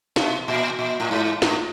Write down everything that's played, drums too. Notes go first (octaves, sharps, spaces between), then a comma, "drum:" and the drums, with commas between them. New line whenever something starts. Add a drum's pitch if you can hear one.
B2, drum: snare
A#2
A#2
A2
G#2
A2, drum: snare